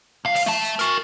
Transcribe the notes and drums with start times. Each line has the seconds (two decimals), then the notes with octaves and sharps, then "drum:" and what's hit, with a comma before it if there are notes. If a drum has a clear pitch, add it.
0.25 C2 F5
0.35 drum: open hi-hat
0.46 A3 A5
0.64 drum: hi-hat
0.79 F#4 A#4, drum: hi-hat